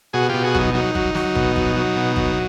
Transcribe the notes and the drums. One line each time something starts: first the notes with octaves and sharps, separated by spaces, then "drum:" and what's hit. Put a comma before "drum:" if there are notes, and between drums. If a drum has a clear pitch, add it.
B2 F#4 G#4
B2 F4 G4
F#4 G#4
F#3 D#4, drum: kick
F#3 D#4
F#3, drum: kick
F#3, drum: snare
B2, drum: kick
F#3, drum: kick
F#3
B2
F#3, drum: kick